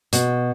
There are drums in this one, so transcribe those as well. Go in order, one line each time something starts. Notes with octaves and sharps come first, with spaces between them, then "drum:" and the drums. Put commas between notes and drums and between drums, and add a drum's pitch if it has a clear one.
B2, drum: hi-hat